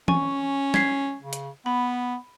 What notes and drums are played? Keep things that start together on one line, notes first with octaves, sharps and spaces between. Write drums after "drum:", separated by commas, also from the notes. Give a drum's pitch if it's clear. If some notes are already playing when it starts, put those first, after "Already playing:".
C#4 G#5 C#6, drum: tom E3
G#6 B6 C7, drum: snare
C#3
drum: hi-hat
B3 B5